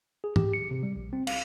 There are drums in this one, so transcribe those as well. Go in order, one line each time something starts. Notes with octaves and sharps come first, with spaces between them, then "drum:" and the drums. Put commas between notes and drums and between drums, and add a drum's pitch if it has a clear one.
G#4
G4, drum: tom
C#7
C3
G3
A#1
C4
F5, drum: cymbal